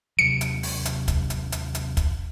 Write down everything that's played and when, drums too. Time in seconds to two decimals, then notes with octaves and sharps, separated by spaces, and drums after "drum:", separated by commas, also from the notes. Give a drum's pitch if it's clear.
0.19 D#2 C3 F#3 C#7
0.41 drum: hi-hat
0.63 drum: open hi-hat
0.85 drum: hi-hat
1.08 drum: kick, hi-hat
1.30 drum: hi-hat
1.52 drum: hi-hat
1.75 drum: hi-hat
1.97 drum: kick, hi-hat